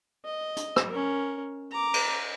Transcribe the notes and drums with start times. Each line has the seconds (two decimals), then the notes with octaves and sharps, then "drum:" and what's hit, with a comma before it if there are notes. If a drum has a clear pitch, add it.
0.25 D#5
0.57 drum: hi-hat
0.76 drum: rim click
0.90 C#4 A#4
1.71 A#5 D6
1.94 drum: cymbal